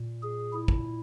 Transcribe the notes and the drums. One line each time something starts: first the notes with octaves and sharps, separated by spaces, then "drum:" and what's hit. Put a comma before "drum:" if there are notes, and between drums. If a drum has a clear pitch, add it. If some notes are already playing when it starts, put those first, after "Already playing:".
Already playing: A#2
G#4
E4
drum: kick